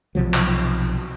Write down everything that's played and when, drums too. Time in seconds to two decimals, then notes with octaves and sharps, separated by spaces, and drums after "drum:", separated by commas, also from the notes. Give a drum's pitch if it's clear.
0.15 B1 C3 F3 F#3
0.34 drum: clap